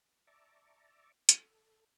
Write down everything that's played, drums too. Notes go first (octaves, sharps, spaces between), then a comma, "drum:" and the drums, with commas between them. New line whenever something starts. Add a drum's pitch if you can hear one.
D5 E5 A5 A#5 C#6 D6
A4, drum: hi-hat